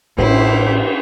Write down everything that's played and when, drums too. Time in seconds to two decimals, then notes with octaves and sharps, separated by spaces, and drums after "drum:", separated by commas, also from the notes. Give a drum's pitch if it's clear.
0.18 A1 E4 C5, drum: cymbal